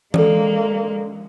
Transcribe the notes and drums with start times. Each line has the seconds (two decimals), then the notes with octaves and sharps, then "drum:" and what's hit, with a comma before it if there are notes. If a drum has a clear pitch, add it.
0.14 G#3 A#3 A4 D5, drum: tom E3